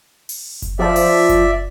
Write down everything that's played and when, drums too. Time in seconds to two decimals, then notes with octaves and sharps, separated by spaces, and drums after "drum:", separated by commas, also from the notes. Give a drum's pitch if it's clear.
0.29 drum: open hi-hat
0.62 drum: kick F#1, hi-hat
0.79 F3 D5 E5
0.96 drum: open hi-hat
1.29 drum: kick F#1, hi-hat